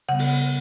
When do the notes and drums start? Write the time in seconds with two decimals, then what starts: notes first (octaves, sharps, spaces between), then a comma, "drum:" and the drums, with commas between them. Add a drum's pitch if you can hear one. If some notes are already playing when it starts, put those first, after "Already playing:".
0.09 C#3 G3 B3 F#5
0.19 drum: open hi-hat